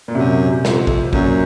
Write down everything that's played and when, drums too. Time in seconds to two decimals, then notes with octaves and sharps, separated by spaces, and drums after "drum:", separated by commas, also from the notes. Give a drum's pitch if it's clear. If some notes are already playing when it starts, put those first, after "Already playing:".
0.08 A#2
0.14 F#2 C3
0.65 F2, drum: snare
0.87 drum: kick
1.13 F#2 A#2, drum: kick